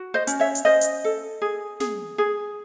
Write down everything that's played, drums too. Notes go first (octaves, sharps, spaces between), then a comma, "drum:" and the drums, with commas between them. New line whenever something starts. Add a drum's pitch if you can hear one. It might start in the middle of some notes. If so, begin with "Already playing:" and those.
Already playing: F#4
C5 D#5
C#4, drum: hi-hat
C#5 E5
drum: hi-hat
C#4 C5 D#5
drum: hi-hat
A4
G#4
G#4, drum: snare
G#4